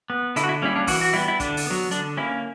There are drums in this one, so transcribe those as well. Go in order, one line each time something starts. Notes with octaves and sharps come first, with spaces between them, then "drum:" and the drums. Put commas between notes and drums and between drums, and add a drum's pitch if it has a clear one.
B3
D3 E4, drum: hi-hat
F#4
E4
G3 A#3 C#4 E4
D4
E3 F#4, drum: kick, open hi-hat
F#4
G3 B3 E4
E4
D3 D4, drum: kick, hi-hat
drum: open hi-hat
F#3 B3
D3 D4, drum: hi-hat
A#3 C#4 E4